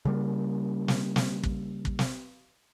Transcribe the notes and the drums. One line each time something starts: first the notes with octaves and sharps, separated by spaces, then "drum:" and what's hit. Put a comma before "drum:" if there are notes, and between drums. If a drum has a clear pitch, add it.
C#3 G3 A#3
drum: snare
drum: snare
drum: kick
drum: kick
drum: snare